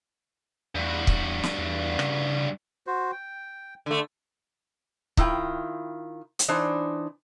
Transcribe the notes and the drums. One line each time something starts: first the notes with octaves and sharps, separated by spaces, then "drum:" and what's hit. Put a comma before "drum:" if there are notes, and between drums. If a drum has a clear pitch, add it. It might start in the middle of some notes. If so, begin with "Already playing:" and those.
E2 G2 F#4
drum: kick
drum: snare
E2
C#3, drum: rim click
F#4 C5
G5
D3 A3
D#3 E4 F4 G5, drum: kick
drum: hi-hat
E3 D4 D#4 C5